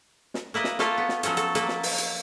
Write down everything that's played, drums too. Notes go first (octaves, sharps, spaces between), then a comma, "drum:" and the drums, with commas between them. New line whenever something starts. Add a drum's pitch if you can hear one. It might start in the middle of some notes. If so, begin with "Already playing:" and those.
drum: snare
A#3 E4 B4 D#5
drum: snare
A3 A#3 F4 A4, drum: snare
B3
drum: snare
F3 F#3 C#4 A4, drum: hi-hat
A4, drum: hi-hat
A#3 A4 B4, drum: hi-hat
drum: snare
drum: open hi-hat
drum: hi-hat